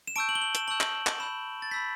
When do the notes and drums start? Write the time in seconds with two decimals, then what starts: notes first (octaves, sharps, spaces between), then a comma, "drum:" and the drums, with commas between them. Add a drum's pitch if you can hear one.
0.08 E7
0.16 A5 C#6 E6 G6 D7
0.29 F#7
0.35 G7
0.42 F#7
0.55 E7, drum: hi-hat
0.68 A5 C#6 E6 G6 F#7
0.81 drum: clap
1.07 drum: clap
1.20 B5 E6 G6 E7
1.62 A6
1.71 B5 E6 G6 B6